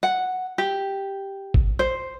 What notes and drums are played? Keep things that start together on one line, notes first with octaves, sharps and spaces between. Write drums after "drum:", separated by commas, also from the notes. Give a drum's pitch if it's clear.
F#5
G4
drum: kick G#1
C5